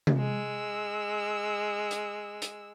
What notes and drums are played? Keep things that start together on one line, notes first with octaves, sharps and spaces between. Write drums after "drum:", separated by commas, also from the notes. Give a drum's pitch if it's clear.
drum: tom C3
G#3 E6
drum: hi-hat
drum: hi-hat